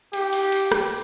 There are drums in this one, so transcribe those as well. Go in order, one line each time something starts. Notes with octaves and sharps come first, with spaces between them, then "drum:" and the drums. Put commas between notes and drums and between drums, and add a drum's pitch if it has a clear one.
G4, drum: cymbal
drum: cymbal
drum: cymbal
drum: rim click